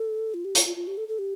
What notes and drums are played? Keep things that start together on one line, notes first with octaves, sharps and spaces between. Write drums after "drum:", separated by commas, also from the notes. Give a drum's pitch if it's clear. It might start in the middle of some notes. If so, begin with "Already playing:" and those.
Already playing: A4
F4
G4
F4, drum: hi-hat
F4
F4
G4
A4
A4
G4